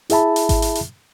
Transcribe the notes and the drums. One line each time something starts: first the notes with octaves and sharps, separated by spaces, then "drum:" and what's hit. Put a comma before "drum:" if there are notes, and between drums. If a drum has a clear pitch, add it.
E4 G#4 E5 A5 B5, drum: hi-hat
drum: hi-hat
drum: kick G#1, hi-hat
drum: hi-hat
drum: hi-hat